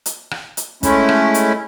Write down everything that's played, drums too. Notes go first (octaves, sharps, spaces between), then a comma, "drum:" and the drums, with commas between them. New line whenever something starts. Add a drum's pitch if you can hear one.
drum: hi-hat
drum: rim click
drum: hi-hat
G#3 A3 C#4 E4, drum: kick, hi-hat
drum: rim click
drum: hi-hat